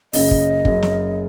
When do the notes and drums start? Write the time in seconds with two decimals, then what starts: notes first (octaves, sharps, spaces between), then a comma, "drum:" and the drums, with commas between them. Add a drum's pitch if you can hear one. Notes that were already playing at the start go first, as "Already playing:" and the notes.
0.13 F#1 F#2 C#3 D#5, drum: open hi-hat
0.31 drum: kick
0.65 F#1 F#2 C#3, drum: kick
0.82 drum: snare